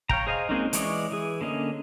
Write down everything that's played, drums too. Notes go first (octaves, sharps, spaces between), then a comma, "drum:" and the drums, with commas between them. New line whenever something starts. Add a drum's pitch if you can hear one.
C#5 F5 G5 A#5, drum: kick
G#4 C5 D#5 F5
G#3 A#3 C4 C#4 D#4
E3 G#3 C#5 D5 D#6, drum: hi-hat
E3 G#4
D3 A#3 C#4 D#5